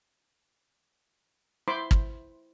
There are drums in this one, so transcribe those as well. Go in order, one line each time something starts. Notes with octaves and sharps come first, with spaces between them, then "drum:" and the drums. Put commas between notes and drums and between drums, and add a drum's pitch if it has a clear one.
E4 C5 B5 C6 D6
drum: kick